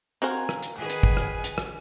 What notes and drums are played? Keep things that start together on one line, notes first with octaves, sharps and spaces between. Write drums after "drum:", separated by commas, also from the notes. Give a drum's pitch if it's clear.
C4 F#4 A#4 C5 F5 G#5
drum: rim click
drum: hi-hat
D#3 G#4 B4 F#5 G#5
drum: hi-hat
drum: kick
drum: rim click
drum: hi-hat
drum: rim click